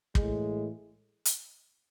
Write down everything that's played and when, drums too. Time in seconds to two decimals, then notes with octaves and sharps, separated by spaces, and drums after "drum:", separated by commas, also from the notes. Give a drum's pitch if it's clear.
0.15 A2 E3 G#3, drum: kick
1.25 drum: hi-hat